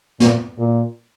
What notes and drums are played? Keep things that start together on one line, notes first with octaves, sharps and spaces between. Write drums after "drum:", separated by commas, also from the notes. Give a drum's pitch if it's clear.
A#2, drum: snare
A#2